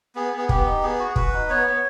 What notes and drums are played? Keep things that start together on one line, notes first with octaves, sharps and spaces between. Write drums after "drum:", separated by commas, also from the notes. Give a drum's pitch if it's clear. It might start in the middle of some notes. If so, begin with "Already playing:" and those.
B3 G#4
B3
G#4
B3 G4, drum: kick
D#4
B3 G#4
F#4
F#4 B4, drum: kick
D#4
B3 C#5
B3